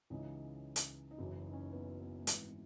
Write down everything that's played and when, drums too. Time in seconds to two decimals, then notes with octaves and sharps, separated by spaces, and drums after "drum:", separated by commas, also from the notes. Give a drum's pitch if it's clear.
0.10 C#2 C#3 E3 D#4
0.76 drum: hi-hat
1.11 D#4
1.18 F#1 F#2 E3 E4
1.46 D#4
1.53 C#4
1.61 D#4
1.73 B3
2.00 B3
2.23 A3
2.27 G#1 G#2 E3 B3, drum: hi-hat
2.49 B3